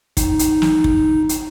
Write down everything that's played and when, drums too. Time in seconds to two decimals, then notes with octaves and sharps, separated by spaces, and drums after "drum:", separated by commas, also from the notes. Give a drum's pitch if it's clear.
0.17 D#4, drum: kick, hi-hat
0.39 drum: hi-hat
0.62 drum: snare
0.84 drum: kick
1.29 drum: hi-hat